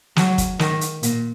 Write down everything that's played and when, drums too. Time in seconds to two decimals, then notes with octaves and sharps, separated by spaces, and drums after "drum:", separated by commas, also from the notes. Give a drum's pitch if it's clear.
0.16 F#3, drum: snare
0.38 drum: kick, hi-hat
0.59 D#3, drum: snare
0.81 drum: hi-hat
1.03 A#2, drum: hi-hat